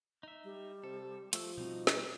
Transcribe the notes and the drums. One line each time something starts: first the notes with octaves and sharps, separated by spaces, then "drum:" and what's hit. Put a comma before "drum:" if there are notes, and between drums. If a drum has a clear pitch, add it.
D#4 E5
G3
C3 A4
F3 A3 A4 E6, drum: hi-hat
B2 G3 C4 D#4 F#4
drum: snare